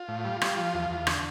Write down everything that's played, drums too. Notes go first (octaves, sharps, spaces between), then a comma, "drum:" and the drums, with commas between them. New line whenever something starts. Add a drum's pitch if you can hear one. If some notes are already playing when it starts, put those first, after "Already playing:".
Already playing: F4
A2
G3
G3, drum: rim click
F3
E2
E2
D3, drum: rim click